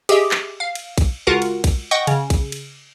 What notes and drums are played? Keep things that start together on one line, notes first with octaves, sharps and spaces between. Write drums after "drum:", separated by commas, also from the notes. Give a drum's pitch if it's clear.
G4 G#4 D#5 E5, drum: cymbal
drum: clap
F5
drum: cymbal
drum: kick A#1, cymbal
C#2 F4 F#4 A#4 F#5
drum: cymbal
drum: kick A#1, cymbal
D#5 F#5 G5 C#6
C#3, drum: cymbal
drum: kick A#1, cymbal
drum: cymbal